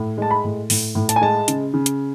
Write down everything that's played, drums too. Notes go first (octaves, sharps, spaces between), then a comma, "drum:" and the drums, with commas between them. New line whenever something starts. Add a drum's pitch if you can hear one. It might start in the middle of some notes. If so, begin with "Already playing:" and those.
Already playing: A2
G#3 A5
B5
A2
A2, drum: open hi-hat
A2
A5, drum: hi-hat
G#5
G#3 A5
C#3, drum: hi-hat
C#3
drum: hi-hat